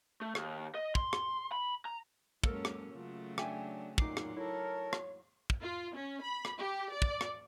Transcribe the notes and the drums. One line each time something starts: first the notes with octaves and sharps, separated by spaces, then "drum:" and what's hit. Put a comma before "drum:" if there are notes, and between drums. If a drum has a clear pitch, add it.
A3
D#2, drum: rim click
D#5
C6, drum: kick
drum: rim click
B5
A#5
F#3 G#3 A#3 C#4 A4 A#4, drum: kick
drum: rim click
C#3 F#3 A3 F4
D4 E5 G5 G#5, drum: rim click
A#2 F#3 D#4 D6 C7, drum: kick
drum: rim click
E4 A4 A#4 C#5
drum: rim click
drum: kick
F4
C#4
B5
drum: rim click
G4
D5
drum: kick
drum: rim click